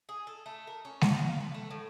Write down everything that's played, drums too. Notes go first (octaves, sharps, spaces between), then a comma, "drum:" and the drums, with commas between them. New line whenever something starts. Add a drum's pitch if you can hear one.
G#4
A4
A3
A#4
C#4
F#4, drum: snare G#3
F5
B4
A3
A2